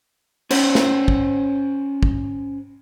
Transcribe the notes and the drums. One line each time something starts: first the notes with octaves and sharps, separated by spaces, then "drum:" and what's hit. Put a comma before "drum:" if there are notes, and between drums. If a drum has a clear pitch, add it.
C#4 C5 C#5 F#5, drum: cymbal
drum: snare
drum: kick
drum: kick